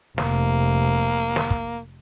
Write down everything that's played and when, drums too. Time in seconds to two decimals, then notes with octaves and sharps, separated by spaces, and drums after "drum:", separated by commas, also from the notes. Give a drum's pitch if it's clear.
0.18 F1 A#3, drum: snare
1.36 drum: snare
1.50 drum: kick